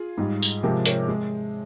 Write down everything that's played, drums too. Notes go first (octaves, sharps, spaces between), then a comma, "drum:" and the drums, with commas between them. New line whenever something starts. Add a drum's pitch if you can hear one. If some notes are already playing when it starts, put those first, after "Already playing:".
Already playing: F4 G#4
G#2 G3
drum: tambourine
C3 F3 G#3 G4 A#4
A#4 C#5, drum: hi-hat
G#3